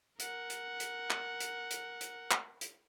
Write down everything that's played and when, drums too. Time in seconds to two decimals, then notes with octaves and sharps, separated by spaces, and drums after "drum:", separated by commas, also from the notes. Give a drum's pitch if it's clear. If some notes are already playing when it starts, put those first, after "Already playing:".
0.20 A#4 F#5, drum: hi-hat
0.50 drum: hi-hat
0.80 drum: hi-hat
1.10 drum: clap
1.40 drum: hi-hat
1.71 drum: hi-hat
2.01 drum: hi-hat
2.31 drum: clap
2.61 drum: hi-hat